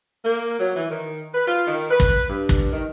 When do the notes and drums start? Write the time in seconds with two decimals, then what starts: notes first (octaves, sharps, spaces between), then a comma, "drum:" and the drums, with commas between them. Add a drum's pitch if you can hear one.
0.25 A#3
0.59 F#3
0.76 E3
0.90 D#3
1.34 B4
1.47 F4
1.67 D#3
1.91 B4
2.00 drum: kick
2.29 G2
2.49 drum: kick
2.72 D#3